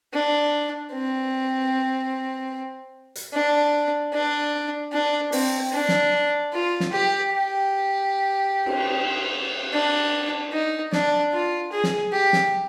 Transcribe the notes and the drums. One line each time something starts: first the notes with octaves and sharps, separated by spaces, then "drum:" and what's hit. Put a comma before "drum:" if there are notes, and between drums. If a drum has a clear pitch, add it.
D4
C4
drum: hi-hat
D4
D4
D4
C4, drum: open hi-hat
D4
drum: snare
F4
drum: snare
G4
G4
drum: cymbal
D4
D#4
D4, drum: snare
F4
G#4
drum: snare
G4
drum: snare